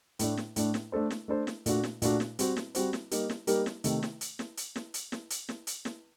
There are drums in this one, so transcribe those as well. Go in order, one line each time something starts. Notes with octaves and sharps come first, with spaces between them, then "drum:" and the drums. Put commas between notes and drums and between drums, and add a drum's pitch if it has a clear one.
A2 A3 D4, drum: hi-hat
drum: snare
A2 A3 D4, drum: hi-hat
drum: snare
A3 D4 A4 C5
drum: snare
A3 D4 A4 C5
drum: snare
A#2 A3 D4 F#4, drum: hi-hat
drum: snare
A#2 A3 D4 F#4, drum: hi-hat
drum: snare
G3 C4 F#4 C5, drum: hi-hat
drum: snare
G3 C4 F#4 C5, drum: hi-hat
drum: snare
G3 A#3 D#4 G4 A#4, drum: hi-hat
drum: snare
G3 A#3 D#4 G4 A#4, drum: hi-hat
drum: snare
C3 D#3 A3, drum: hi-hat
drum: snare
drum: hi-hat
drum: snare
drum: hi-hat
drum: snare
drum: hi-hat
drum: snare
drum: hi-hat
drum: snare
drum: hi-hat
drum: snare